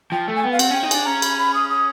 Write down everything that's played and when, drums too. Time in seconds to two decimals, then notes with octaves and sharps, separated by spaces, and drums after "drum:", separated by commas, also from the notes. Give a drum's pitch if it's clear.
0.11 F3 G5
0.28 A3
0.36 G#5
0.44 B3 G5
0.52 F5
0.59 C4 F#5, drum: cymbal
0.71 C#4 G5
0.83 D#4
0.91 D4 G#5, drum: cymbal
1.06 C#4 A#5
1.22 B5, drum: cymbal
1.38 B5
1.54 D#6
1.69 D#6